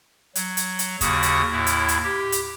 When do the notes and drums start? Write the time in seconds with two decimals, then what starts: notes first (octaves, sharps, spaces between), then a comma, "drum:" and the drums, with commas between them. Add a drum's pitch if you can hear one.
0.35 F#3, drum: hi-hat
0.57 drum: hi-hat
0.79 drum: hi-hat
1.01 D#2 C#3 F#4 D#6, drum: kick, hi-hat
1.23 drum: hi-hat
1.51 D#2 A2 E4
1.67 drum: hi-hat
1.88 drum: hi-hat
2.04 G4
2.32 drum: hi-hat